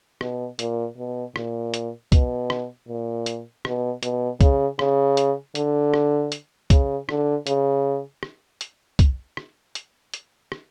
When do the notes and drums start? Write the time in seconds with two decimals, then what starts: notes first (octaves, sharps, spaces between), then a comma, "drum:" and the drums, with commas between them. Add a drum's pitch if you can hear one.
0.21 B2, drum: rim click
0.59 A#2, drum: hi-hat
0.98 B2
1.36 A#2, drum: rim click
1.74 drum: hi-hat
2.12 B2, drum: kick, hi-hat
2.50 drum: rim click
2.88 A#2
3.26 drum: hi-hat
3.65 B2, drum: rim click
4.03 B2, drum: hi-hat
4.41 C#3, drum: kick, hi-hat
4.79 C#3, drum: rim click
5.17 drum: hi-hat
5.55 D3, drum: hi-hat
5.94 drum: rim click
6.32 drum: hi-hat
6.70 C#3, drum: kick, hi-hat
7.09 D3, drum: rim click
7.47 C#3, drum: hi-hat
8.23 drum: rim click
8.61 drum: hi-hat
8.99 drum: kick, hi-hat
9.37 drum: rim click
9.75 drum: hi-hat
10.14 drum: hi-hat
10.52 drum: rim click